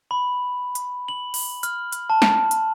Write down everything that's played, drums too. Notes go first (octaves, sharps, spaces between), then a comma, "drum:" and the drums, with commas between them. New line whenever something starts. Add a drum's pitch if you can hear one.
B5
drum: hi-hat
F#7
drum: open hi-hat
F6, drum: hi-hat
drum: hi-hat
A5
drum: snare
drum: hi-hat